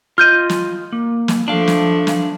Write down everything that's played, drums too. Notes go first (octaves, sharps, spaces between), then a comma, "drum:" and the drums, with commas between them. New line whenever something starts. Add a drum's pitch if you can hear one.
F4 D#5 F6 G6 D#7
drum: snare
A#3
drum: snare
F3 A3 D4 F5
drum: snare
drum: snare